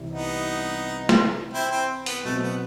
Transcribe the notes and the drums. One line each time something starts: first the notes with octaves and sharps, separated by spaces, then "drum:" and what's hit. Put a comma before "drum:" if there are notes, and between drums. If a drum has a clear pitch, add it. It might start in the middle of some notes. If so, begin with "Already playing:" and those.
Already playing: C2 C3 E3
B3 D#4
drum: snare
C4 E4
C4
B3, drum: open hi-hat
B2 F#3 A3 C4
B3